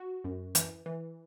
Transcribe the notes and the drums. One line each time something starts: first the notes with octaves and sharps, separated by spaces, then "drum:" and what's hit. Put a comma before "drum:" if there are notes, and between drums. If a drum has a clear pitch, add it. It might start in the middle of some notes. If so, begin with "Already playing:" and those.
Already playing: F#4
F#2
E3, drum: hi-hat
E3